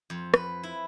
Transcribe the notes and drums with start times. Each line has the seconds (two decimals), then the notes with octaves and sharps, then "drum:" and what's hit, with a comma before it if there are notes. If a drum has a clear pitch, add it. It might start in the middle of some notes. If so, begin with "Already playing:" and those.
0.10 F2
0.34 B4, drum: rim click
0.63 E4